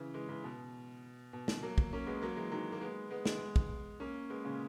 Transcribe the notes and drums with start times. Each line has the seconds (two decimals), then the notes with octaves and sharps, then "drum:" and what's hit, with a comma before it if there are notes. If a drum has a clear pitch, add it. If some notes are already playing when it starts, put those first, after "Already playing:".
Already playing: C#3 E3
0.14 E3 G#3
0.29 C#3 E3
0.44 B2
1.33 B2
1.48 drum: snare
1.62 F#3 A#3
1.78 drum: kick
1.93 A#3 C#4
2.07 G#3 B3
2.22 F#3 A#3
2.36 E3 G#3
2.52 D#3 F#3
2.72 A#3
2.81 G#3 B3
3.11 G#3 B3
3.26 G#3 B3, drum: snare
3.56 drum: kick
4.00 A#3 C#4
4.30 G#3 B3
4.44 A#2 C#3